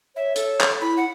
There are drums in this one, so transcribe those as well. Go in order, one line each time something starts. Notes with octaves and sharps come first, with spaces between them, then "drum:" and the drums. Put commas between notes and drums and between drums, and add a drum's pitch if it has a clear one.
C#5 E5
A4, drum: hi-hat
drum: clap
E4 B5
F#5